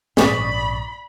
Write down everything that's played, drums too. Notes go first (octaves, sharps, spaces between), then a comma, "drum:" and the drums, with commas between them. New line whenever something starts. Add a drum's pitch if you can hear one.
A#1 G#2 D5 B5 C#6 D#6, drum: snare